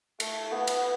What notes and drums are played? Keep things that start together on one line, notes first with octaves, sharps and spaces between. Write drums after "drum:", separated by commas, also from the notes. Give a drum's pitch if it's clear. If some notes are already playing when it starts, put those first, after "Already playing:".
A3, drum: cymbal
B3
drum: cymbal